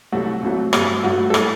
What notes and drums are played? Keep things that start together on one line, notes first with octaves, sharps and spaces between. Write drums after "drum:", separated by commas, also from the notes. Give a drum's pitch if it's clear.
C2 C3 F#3 A3 F#4
C2 C3 F#3 A3
G2 F#3 A3 G4, drum: rim click
G2 F#3 A3 F#4
A4
A2 G3 G4, drum: rim click